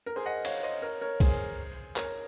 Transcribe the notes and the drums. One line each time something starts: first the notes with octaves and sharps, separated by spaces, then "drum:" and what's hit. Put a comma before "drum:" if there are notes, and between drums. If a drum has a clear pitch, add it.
A#4
G#4 C5
D#5 F#5
C#5 F5, drum: cymbal
C5 D#5
A#4 C#5
A#4 C#5
G#4 C5, drum: kick, cymbal
A#4 C#5, drum: clap